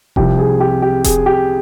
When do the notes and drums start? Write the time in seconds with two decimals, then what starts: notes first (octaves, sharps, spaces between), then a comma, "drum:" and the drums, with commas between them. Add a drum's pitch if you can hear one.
0.16 C2 C3 F3 G4, drum: kick E1
0.38 G#4
0.60 G4
0.82 G4
1.04 G#4, drum: kick E1, hi-hat
1.26 G4